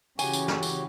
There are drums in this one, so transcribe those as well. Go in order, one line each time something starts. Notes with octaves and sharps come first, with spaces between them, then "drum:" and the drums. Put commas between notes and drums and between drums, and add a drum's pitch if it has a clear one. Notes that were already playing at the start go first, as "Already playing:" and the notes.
C#3 E3 F#4 G4 C#5 G#5, drum: tambourine
drum: tambourine
drum: snare
drum: tambourine